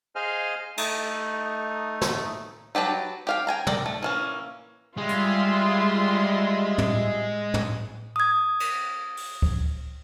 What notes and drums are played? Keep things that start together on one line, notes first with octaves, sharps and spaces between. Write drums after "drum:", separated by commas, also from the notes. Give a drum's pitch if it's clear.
G#4 C5 D#5 F5 G#5 F6
A3 D#4, drum: cymbal
drum: snare
F#3 G4 B4 A5 A#5
G4 F5 G5
G5 G#5 A#5
A#4 D5 G5, drum: tom
A3
E3 A#3 C#4
G3 G#3 F4 E5 C6
drum: hi-hat
drum: tom
drum: tom
D#6 G#6
drum: cymbal
drum: open hi-hat
drum: kick C#2